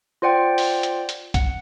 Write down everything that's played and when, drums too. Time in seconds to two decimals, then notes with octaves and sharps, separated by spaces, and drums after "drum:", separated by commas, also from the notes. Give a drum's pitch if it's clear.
0.22 F4 C5 D5 F#5 G5
0.58 drum: open hi-hat
0.83 drum: hi-hat
1.09 drum: hi-hat
1.34 F#5, drum: kick C2, hi-hat